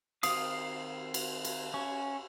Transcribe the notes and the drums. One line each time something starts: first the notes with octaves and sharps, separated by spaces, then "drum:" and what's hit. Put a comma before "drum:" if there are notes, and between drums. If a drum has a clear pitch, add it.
D#3 C4 F5 D#6, drum: cymbal
drum: cymbal
drum: cymbal
C#4